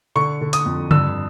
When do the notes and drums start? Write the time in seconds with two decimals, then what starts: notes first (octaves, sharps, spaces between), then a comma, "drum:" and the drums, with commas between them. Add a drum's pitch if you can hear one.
0.15 D3 C#6
0.41 D3
0.53 D#6, drum: hi-hat
0.66 F2
0.91 G2 E6, drum: tom C#3